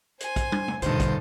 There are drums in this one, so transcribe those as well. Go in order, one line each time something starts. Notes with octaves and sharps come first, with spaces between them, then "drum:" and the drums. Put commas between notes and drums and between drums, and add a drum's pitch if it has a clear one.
C5 G#5, drum: hi-hat
drum: kick, hi-hat
drum: tom
drum: tom
D#1 G2 B2 D3 D#4 A4 C5, drum: hi-hat
drum: kick, hi-hat